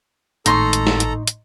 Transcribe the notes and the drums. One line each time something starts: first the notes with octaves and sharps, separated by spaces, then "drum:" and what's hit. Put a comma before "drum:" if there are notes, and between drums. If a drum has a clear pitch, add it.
G#1 A2 D#4 A4 A#5 C6 C#6, drum: hi-hat
drum: hi-hat
drum: snare
drum: hi-hat
drum: hi-hat